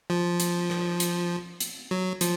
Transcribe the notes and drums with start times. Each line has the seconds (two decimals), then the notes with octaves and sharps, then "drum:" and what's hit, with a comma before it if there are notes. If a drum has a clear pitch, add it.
0.10 F3
0.40 drum: hi-hat
0.70 drum: rim click
1.00 drum: hi-hat
1.60 drum: hi-hat
1.91 F#3
2.21 F3, drum: hi-hat